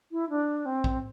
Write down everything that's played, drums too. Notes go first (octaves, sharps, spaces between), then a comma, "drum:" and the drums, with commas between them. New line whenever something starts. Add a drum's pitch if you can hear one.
E4
D4
C4
drum: kick A#1